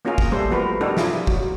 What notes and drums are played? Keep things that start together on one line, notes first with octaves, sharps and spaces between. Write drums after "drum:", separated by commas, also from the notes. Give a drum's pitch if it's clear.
A#3 C#4 F4 F#4 G#4 A#4
drum: kick
G3 A3 A4 C5
F3 B3 F#4 A#4 B4
D4 D#4 F#4 G4 A4 A#4
F3 E4 F4 G#4, drum: snare
F#3, drum: kick